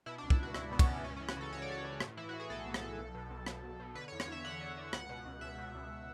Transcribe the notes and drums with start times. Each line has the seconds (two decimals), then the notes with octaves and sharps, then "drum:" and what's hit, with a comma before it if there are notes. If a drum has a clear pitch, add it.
0.06 B2 E4
0.18 D4
0.23 C#2
0.30 E4, drum: kick
0.39 C#2 F#4
0.54 C#2 E4, drum: rim click
0.71 B2 B3
0.79 C#4, drum: kick, cymbal
0.88 B2
1.04 C#2 C#4
1.16 C#4
1.20 E3
1.29 F#4, drum: rim click
1.37 C#3 A4
1.52 C#2 C#5
1.62 D5
1.69 E3 C#5
1.84 C#3
2.00 A2, drum: rim click
2.17 E3 E4
2.29 E3 F#4
2.40 G#4
2.50 B1 A4
2.66 B1
2.74 A4, drum: rim click
2.82 B1
2.98 B1
3.15 B2
3.30 B1
3.46 B2, drum: rim click
3.63 B1
3.80 B2
3.95 D3 B4
4.08 C#5
4.12 E2
4.20 C#5, drum: rim click
4.28 E2 E5
4.44 D3 F#5
4.61 D3
4.77 D3
4.93 C#2 F#5, drum: rim click
5.09 B2
5.26 C#2
5.41 C#2 E5
5.58 B2
5.75 C#2